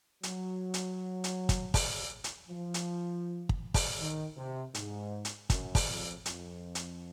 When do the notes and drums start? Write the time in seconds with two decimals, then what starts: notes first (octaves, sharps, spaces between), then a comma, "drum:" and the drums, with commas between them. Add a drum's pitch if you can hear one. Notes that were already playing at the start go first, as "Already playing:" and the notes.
0.23 F#3, drum: hi-hat
0.74 drum: hi-hat
1.24 drum: hi-hat
1.49 drum: kick, hi-hat
1.74 drum: kick, open hi-hat
2.24 drum: hi-hat
2.49 F3
2.74 drum: hi-hat
3.49 drum: kick
3.74 drum: kick, open hi-hat
4.00 D#3
4.37 C3
4.74 G#2, drum: hi-hat
5.25 drum: hi-hat
5.50 F#2, drum: kick, hi-hat
5.75 drum: kick, open hi-hat
5.88 F2
6.26 F2, drum: hi-hat
6.75 drum: hi-hat